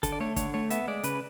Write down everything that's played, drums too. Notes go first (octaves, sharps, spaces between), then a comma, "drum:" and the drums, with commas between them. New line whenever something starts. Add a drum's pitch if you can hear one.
D3 A4, drum: kick, hi-hat
D5
A3 C#5
D3 C#5, drum: kick, hi-hat
A3 C#5
B3 E5, drum: hi-hat
G#3 D5
C#3 B4, drum: hi-hat